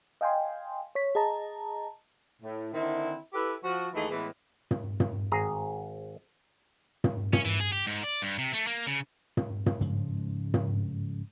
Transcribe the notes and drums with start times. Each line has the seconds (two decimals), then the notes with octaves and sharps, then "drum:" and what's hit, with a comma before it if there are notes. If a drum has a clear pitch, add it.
0.21 D#5 F5 G5 G#5 C6
0.95 C#5 B6
1.15 G#4 D#5 A5 A#5
2.42 A2
2.73 D3 D#3 C4 E4
3.34 E4 G4 A4 B4
3.63 F3 F#4
3.94 D#2 E3 A3 D#4 G#4
4.10 A2 E3 G#3 B3
4.71 drum: tom
5.00 drum: tom
5.32 G#1 G#4 A#5
7.04 drum: tom
7.33 C#4, drum: tom
7.45 E3
7.60 G#4
7.72 G4
7.87 G#2
8.04 D5
8.22 G2
8.38 C3
8.53 A3
8.67 A#3
8.87 C#3
9.37 drum: tom
9.66 drum: tom
9.81 G#2 C#3 F3 G#3
10.54 drum: tom